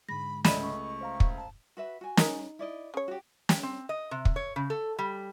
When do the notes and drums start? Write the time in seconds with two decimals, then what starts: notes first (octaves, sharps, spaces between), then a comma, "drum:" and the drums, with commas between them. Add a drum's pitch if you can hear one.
0.09 G#2 D3 G#3 B5 A#6
0.45 C#2 A3 D5 D#5 B5 D#7 E7, drum: snare
0.62 C#6
1.01 C5 F5 A#5
1.20 drum: kick
1.37 A5
1.77 F#4 B4 E5
2.01 F#4 G#5
2.17 D#4 A#4, drum: snare
2.59 E4 D5 D#5
2.94 C#3 C#5
3.08 F#4 G4
3.49 G5, drum: snare
3.63 C4
3.89 D#5
4.11 C3
4.25 drum: kick
4.36 C#5
4.56 C#3
4.70 A4
4.99 G3